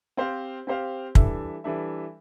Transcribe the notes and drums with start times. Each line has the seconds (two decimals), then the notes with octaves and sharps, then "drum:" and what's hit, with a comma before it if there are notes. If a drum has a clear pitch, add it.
0.17 C4 G4 C5 F5
0.67 C4 G4 C5 F5
1.15 E3 G3 D4 A4 E5, drum: kick
1.64 E3 G3 D4 A4 E5